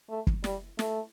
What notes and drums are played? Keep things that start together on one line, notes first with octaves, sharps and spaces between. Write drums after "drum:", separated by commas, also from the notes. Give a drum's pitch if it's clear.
A3
drum: kick
G3, drum: snare
A3, drum: snare